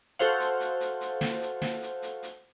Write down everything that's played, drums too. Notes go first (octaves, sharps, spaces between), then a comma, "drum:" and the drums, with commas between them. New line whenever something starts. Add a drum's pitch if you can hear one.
F#4 A4 C5 F5 F#5, drum: hi-hat
drum: hi-hat
drum: hi-hat
drum: hi-hat
drum: hi-hat
drum: snare
drum: hi-hat
drum: snare
drum: hi-hat
drum: hi-hat
drum: hi-hat